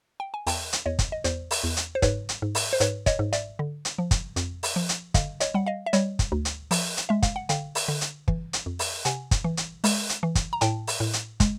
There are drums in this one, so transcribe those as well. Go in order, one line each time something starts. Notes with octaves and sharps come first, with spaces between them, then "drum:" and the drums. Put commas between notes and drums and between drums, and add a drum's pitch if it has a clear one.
G5
G#5
E2 G5 A5, drum: open hi-hat
drum: hi-hat
E2 C#5 D#5
drum: kick, hi-hat
D#5
E2 C5 D5, drum: hi-hat
drum: open hi-hat
E2
drum: hi-hat
C5
G#2 B4 C#5, drum: kick, hi-hat
drum: hi-hat
G#2
drum: open hi-hat
C5
G#2 B4 C#5, drum: hi-hat
C#5 D#5, drum: kick, hi-hat
G#2
D5 E5, drum: hi-hat
D3
drum: hi-hat
F3
drum: kick, hi-hat
F2, drum: hi-hat
drum: open hi-hat
F3
drum: hi-hat
D3 D#5 F5, drum: kick, hi-hat
C#5 D#5, drum: hi-hat
G3 F#5
D#5 F5
E5
G3 C#5 D#5, drum: hi-hat
drum: kick, hi-hat
D2
drum: hi-hat
F3, drum: open hi-hat
drum: hi-hat
G#3 E5
F5, drum: kick, hi-hat
F#5
D3 F5 G5, drum: hi-hat
drum: open hi-hat
D3
drum: hi-hat
E3, drum: kick
drum: hi-hat
F2
drum: open hi-hat
C3 F#5 G#5, drum: hi-hat
drum: kick, hi-hat
E3
drum: hi-hat
G#3, drum: open hi-hat
drum: hi-hat
E3
drum: kick, hi-hat
A#5
A2 G5 A5, drum: hi-hat
drum: open hi-hat
A2
drum: hi-hat
G#3, drum: kick, hi-hat